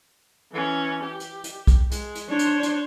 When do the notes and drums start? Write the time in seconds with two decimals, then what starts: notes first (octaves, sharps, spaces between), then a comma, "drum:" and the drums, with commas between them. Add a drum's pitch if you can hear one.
0.51 E3 C#4
1.04 G4
1.20 drum: hi-hat
1.44 drum: hi-hat
1.67 drum: kick B1, hi-hat
1.91 G#3, drum: hi-hat
2.15 drum: hi-hat
2.29 D4 C5 C#5
2.39 drum: hi-hat
2.63 drum: hi-hat